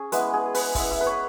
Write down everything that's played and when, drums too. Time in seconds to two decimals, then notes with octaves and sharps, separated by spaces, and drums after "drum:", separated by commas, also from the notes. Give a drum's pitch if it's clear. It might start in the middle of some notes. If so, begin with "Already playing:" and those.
Already playing: C#4 G#4
0.12 G#3 B3 E4 B4, drum: hi-hat
0.33 G#4
0.54 B4, drum: open hi-hat
0.75 G#3 B3 E4 E5, drum: kick, open hi-hat
0.91 E5
1.01 B4
1.06 C#5